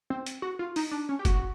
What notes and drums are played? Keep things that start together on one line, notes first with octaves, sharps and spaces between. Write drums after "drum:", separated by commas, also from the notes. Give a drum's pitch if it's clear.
C4
drum: hi-hat
F#4
F4
D#4, drum: open hi-hat
D4
C#4
G4
F#4, drum: kick, hi-hat